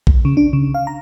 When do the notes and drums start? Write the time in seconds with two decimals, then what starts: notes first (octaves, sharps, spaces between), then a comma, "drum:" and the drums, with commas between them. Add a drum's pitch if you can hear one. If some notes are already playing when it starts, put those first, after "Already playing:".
0.07 drum: kick A#1
0.25 C#3
0.37 D4
0.53 C#3
0.74 F5
0.87 A#5